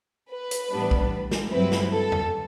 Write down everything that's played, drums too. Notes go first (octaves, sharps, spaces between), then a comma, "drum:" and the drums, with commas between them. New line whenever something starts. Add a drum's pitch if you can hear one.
B4
drum: hi-hat
A2 E3 G3 B3 D4
drum: kick
drum: snare
G2 F#3 C4 E4 B4
drum: snare
A4
drum: tom E2